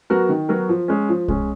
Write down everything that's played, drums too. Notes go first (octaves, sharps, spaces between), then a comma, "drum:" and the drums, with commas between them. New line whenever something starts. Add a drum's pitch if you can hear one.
F#3 B3 F#4 A#4
D#3
F#3 B3 F#4 A#4
F3
G#3 C#4
F3
G#3 C#4, drum: kick